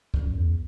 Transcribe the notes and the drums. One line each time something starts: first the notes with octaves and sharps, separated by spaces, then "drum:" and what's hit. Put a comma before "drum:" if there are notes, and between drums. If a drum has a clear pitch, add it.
F#2, drum: kick C2
E2